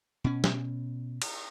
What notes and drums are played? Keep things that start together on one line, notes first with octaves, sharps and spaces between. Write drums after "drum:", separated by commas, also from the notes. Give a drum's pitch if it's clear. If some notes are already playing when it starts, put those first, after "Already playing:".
B2 C#4
drum: snare
drum: cymbal